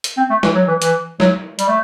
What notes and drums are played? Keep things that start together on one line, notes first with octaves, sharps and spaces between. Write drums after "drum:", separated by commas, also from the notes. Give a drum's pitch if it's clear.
drum: hi-hat
C4
A3
E3, drum: snare
F#3
E3
E3, drum: hi-hat
F#3, drum: snare
G3, drum: hi-hat
A3